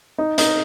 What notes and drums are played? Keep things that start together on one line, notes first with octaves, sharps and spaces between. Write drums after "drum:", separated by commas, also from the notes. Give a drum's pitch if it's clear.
D#4
D#4, drum: hi-hat